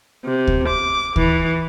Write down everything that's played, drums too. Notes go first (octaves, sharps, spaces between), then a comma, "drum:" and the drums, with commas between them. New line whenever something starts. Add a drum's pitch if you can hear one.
C3
drum: kick D2
D6
E3, drum: kick D2